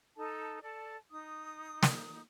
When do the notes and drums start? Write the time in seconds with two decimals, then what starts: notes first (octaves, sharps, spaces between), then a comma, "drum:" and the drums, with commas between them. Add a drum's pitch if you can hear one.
0.16 D#4 A4 A5
0.62 A4 D5 A5
1.11 D#4 D#6
1.83 drum: snare